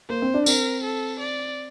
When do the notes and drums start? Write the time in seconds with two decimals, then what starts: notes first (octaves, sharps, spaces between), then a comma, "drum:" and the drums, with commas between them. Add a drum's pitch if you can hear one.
0.09 A#3 C5
0.22 C4
0.34 D4
0.46 C4 A#4, drum: tambourine
0.83 A4
1.19 D5